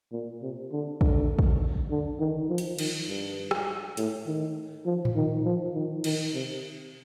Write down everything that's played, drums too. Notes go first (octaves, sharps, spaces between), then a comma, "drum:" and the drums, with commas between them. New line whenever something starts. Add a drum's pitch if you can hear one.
A#2
C3
D3
D3, drum: kick
drum: kick
D3
D#3
F3
drum: hi-hat
D#3, drum: cymbal
G2
drum: rim click
A2, drum: hi-hat
D#3
F3
drum: tom A2
D#3
F3
D#3
D#3, drum: cymbal
C3